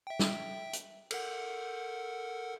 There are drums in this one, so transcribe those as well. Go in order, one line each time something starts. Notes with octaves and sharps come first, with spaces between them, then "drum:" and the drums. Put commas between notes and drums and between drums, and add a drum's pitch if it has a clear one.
E5 G5
drum: snare
drum: hi-hat
A4 A#4 F#5, drum: cymbal